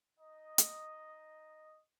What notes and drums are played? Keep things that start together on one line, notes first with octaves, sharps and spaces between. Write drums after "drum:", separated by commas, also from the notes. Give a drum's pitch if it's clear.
D#4 D#5
drum: hi-hat